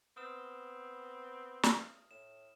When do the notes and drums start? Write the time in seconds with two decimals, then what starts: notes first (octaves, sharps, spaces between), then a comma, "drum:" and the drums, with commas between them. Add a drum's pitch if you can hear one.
0.17 B3 C4 D#6 F6 E7
1.63 drum: snare
2.11 A2 E7